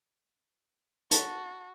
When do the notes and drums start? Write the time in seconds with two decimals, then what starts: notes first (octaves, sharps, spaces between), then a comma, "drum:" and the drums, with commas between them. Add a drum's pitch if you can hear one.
1.11 F#4 A5, drum: hi-hat